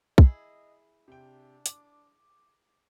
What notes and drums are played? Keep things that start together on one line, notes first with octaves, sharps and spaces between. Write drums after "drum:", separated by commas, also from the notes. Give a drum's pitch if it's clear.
E4 G#4 D#5, drum: kick
C3 D4 G5
D6, drum: hi-hat